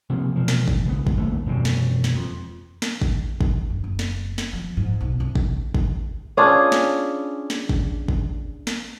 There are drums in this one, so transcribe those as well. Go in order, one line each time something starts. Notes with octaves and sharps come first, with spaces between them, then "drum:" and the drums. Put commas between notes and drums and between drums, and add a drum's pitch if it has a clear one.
C3 F3 A#3
E1 F3
drum: snare
drum: kick
C#2 B3
drum: kick
D#1 D#2 A3
E1 F#2 C3
drum: snare
drum: snare
F2
drum: snare
drum: kick
drum: kick
G2
F#1
drum: snare
drum: snare
F3
G#2
B1
C2
drum: kick
drum: kick
C#4 D4 F4 G#4
drum: snare
drum: snare
drum: kick
drum: kick
drum: snare